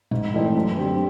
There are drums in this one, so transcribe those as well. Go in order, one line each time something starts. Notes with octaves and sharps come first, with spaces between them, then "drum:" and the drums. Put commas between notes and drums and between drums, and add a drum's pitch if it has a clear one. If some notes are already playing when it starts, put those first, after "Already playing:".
G#2, drum: tom A#2
E3 A3 C4 D#4
F#2
D3 G3 C4